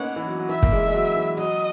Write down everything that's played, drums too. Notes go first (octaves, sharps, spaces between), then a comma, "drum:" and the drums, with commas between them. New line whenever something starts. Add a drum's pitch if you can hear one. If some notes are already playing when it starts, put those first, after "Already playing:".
Already playing: A#3 B3 C#4 D#4 F#5
E3
F#3
F#3
E3 E5
A#3, drum: kick
G#3
G#3
F#3
E3
F#3 D#5